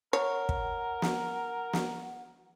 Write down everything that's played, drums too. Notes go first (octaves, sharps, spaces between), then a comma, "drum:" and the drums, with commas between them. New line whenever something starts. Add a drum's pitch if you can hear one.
A#4 C#5 F#5
drum: kick
drum: snare
drum: snare